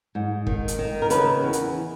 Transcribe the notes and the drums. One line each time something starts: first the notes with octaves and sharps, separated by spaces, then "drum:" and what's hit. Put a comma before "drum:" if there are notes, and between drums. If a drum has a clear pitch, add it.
G#2
D#3, drum: kick
drum: hi-hat
D#3
A#4
C#3 B4, drum: hi-hat
E2
drum: hi-hat